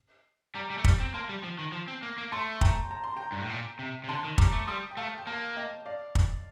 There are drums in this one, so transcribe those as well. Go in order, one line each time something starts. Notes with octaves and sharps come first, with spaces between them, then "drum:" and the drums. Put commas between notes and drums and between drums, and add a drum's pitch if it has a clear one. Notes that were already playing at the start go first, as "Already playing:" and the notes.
G3 A#5 D6
G3
A3
G3, drum: kick
C4
A#3 A5 C6
G3
F3
D#3
F3
C4
A#3
A#3
A3 A5 C6
G5 A#5, drum: kick
A#5
C6
G5 A#5
G2
A2
A#2
C3
C3
D3 A5 C6
D#3
G3 A#5 D6, drum: kick
A3
G3 C6 D#6
G5
A3 F5 A5
G5
A#3 F5 A5
D#5 G5
D5 F5
drum: kick